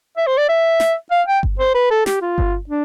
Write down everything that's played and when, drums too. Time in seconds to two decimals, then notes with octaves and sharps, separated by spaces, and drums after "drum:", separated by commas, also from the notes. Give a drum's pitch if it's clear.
0.17 E5
0.27 C5
0.38 D5
0.49 E5
0.80 drum: snare
1.11 F5
1.28 G5
1.43 drum: kick G1
1.59 C5
1.75 B4
1.91 A4
2.06 G4, drum: snare
2.21 F4
2.38 drum: kick G1
2.69 D4